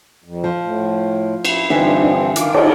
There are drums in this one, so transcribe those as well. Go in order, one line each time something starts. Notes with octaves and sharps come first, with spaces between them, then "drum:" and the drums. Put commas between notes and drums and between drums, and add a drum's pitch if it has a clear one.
F2
F3
A2
E4, drum: cymbal
G2 D3 E3 F3 C4 D4 D#4 E5
D#3 F4 D6, drum: hi-hat
drum: cymbal